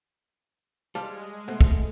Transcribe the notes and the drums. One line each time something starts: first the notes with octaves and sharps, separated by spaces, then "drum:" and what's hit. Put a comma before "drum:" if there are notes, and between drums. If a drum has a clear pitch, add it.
G3 G#3 C5 F5 A5
B2 A3 C5 F#5
drum: kick